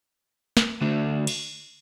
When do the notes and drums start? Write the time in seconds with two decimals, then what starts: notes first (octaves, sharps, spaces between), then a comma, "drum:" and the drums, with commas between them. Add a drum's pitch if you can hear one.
0.57 drum: snare
0.81 D3 A3 D4 F#4
1.27 drum: cymbal